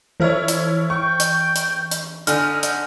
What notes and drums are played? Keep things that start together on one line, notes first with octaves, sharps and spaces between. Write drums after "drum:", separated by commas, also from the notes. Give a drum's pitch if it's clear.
E3 F3 E4 C5 C#5 F6
drum: hi-hat
G5 C#6
drum: hi-hat
drum: hi-hat
drum: hi-hat
D3 D#4 G#5 F6, drum: hi-hat
drum: hi-hat